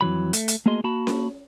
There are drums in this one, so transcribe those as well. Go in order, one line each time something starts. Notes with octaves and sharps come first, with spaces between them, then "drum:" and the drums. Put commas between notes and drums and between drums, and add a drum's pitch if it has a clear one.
F2 E3 F#3 B5
A3, drum: hi-hat
drum: hi-hat
A3 A#3 F#4 G#4 D#5 C6
A#3 F#4 A5 B5
drum: snare C#4